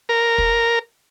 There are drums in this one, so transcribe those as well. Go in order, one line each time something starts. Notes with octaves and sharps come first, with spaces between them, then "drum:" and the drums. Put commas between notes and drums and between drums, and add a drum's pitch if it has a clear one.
A#4
drum: kick